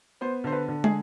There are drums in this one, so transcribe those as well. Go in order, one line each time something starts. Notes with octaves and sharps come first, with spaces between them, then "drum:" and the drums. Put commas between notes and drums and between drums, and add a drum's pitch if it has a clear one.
B3 C5
D3 C5
B4
D3
G#4, drum: tom